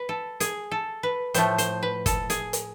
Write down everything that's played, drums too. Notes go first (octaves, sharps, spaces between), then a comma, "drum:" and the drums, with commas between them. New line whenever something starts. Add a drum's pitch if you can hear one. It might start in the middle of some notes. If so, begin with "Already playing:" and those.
Already playing: B4
A4
G#4, drum: hi-hat
A4
B4
A2 F3 A3 C5, drum: hi-hat
C5, drum: hi-hat
B4
A4, drum: kick, hi-hat
G#4, drum: hi-hat
drum: hi-hat